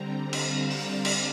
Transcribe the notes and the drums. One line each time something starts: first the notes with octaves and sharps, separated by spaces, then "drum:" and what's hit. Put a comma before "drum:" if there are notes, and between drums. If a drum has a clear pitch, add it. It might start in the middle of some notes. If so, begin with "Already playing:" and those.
Already playing: D3 G3 C4 A#5
F5, drum: cymbal
D5, drum: open hi-hat
drum: cymbal